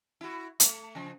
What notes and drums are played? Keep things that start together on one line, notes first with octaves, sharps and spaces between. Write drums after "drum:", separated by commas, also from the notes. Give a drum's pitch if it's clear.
E4 F#4
A3, drum: hi-hat
C#3 F3